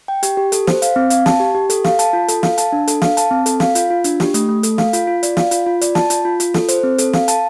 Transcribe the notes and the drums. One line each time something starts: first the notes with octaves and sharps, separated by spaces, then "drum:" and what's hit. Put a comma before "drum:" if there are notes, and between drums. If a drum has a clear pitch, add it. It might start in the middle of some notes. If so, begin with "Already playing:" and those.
G5
G4, drum: hi-hat
G4
A4, drum: hi-hat
C5, drum: snare
F5, drum: hi-hat
C4
F5, drum: hi-hat
A5, drum: snare
G4
G4
A4, drum: hi-hat
F5, drum: snare
A5, drum: hi-hat
F4
A4, drum: hi-hat
F5, drum: snare
A5, drum: hi-hat
D4
A4, drum: hi-hat
F5, drum: snare
A5, drum: hi-hat
C4
A4, drum: hi-hat
F5, drum: snare
F4, drum: hi-hat
F4
D4, drum: hi-hat
G4, drum: snare
A3, drum: hi-hat
A3
A4, drum: hi-hat
F5, drum: snare
F4, drum: hi-hat
F4
D5, drum: hi-hat
F5, drum: snare
F4, drum: hi-hat
F4
D5, drum: hi-hat
A5, drum: snare
F4, drum: hi-hat
F4
F4, drum: hi-hat
A4, drum: snare
C5, drum: hi-hat
C4
A4, drum: hi-hat
F5, drum: snare
A5, drum: hi-hat